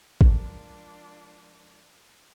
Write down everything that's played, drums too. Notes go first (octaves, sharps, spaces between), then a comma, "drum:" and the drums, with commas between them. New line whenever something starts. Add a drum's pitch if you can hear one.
F3 G#3 D4 F4 A#4, drum: kick